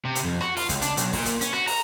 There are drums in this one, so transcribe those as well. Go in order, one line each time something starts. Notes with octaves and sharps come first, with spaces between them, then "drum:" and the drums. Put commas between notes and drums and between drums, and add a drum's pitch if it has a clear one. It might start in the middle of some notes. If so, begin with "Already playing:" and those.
C3
drum: hi-hat
F2
F#4, drum: rim click
F4, drum: open hi-hat
C#2, drum: kick, hi-hat
D4, drum: hi-hat
B1, drum: hi-hat
A#2, drum: kick, open hi-hat
drum: hi-hat
C#4, drum: hi-hat
F#4, drum: rim click
A#5, drum: open hi-hat